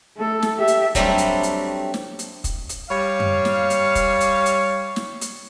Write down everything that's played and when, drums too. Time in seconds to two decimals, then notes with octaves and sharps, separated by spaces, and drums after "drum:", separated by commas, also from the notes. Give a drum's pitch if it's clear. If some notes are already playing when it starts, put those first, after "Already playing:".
0.17 A3 A4
0.42 drum: snare
0.58 G4 E5
0.68 drum: hi-hat
0.95 F#3 G3 A3 C4 D4, drum: kick, hi-hat
1.18 drum: hi-hat
1.43 drum: hi-hat
1.94 drum: snare
2.19 drum: hi-hat
2.44 drum: kick, hi-hat
2.69 drum: hi-hat
2.89 G3 C#5 F5
3.20 drum: tom F#2
3.45 drum: snare
3.70 drum: hi-hat
3.95 drum: kick, hi-hat
4.21 drum: hi-hat
4.46 drum: hi-hat
4.96 drum: snare
5.21 drum: hi-hat